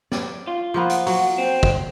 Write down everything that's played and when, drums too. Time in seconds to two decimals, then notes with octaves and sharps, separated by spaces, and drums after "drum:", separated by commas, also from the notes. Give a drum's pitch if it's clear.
0.12 D5, drum: snare
0.47 F4
0.74 F3 A#3 B3
0.89 drum: hi-hat
1.07 F#3, drum: open hi-hat
1.38 C4
1.63 drum: kick